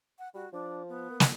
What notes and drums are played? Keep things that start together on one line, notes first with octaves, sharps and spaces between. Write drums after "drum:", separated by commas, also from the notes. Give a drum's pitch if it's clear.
F#5
G3 F#4
F3 D4
B3
A#3
drum: snare